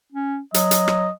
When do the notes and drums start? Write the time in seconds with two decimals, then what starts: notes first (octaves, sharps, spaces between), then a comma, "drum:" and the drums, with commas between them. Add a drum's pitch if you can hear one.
0.12 C#4
0.54 F#3 D#5, drum: hi-hat
0.71 drum: hi-hat
0.88 drum: rim click